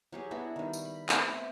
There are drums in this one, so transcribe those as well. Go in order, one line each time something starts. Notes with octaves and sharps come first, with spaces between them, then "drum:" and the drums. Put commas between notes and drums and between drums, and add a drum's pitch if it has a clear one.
F#3 G4 G#4
B3 D4 E4 F#4
D#3 G3
drum: tambourine
B5
A3 B3 C4, drum: clap